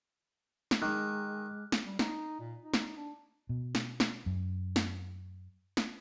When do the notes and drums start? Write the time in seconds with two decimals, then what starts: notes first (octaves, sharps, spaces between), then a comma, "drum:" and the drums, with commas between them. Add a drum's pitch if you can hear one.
0.71 drum: snare
0.82 D#3 G#3 D6 F6 F#6
1.72 drum: snare
1.86 G3
1.99 D#4, drum: snare
2.40 A#2
2.61 D#4
2.74 drum: snare
2.96 D4
3.49 B2
3.75 drum: snare
4.00 drum: snare
4.26 F#2
4.76 drum: snare
5.77 drum: snare